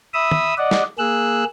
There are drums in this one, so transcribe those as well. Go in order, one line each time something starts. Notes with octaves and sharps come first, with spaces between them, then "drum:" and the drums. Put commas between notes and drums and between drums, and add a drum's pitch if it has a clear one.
E5 B5 D#6 E6
drum: tom
D5 D#5 F#5
drum: snare
A#3 G#4 E6 F#6